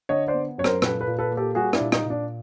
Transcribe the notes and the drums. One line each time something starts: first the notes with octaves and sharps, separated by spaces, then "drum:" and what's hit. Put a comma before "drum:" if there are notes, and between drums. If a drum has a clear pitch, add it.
D3 C#5 D#5
C5 D5
B3
F#2 C#5
A#4 C5, drum: rim click
A#2 A4 B4, drum: rim click
A4 B4
A#2
A4 B4
A#3
G4 A4
G3 F#4 G#4
D4 E4, drum: rim click
A#2
D#4, drum: rim click
A#2
D4